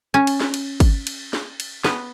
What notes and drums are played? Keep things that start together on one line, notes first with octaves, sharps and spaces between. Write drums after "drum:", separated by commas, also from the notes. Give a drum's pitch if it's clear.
C#4
drum: cymbal
drum: snare
drum: cymbal
drum: kick, cymbal
drum: cymbal
drum: snare
drum: cymbal
B3, drum: snare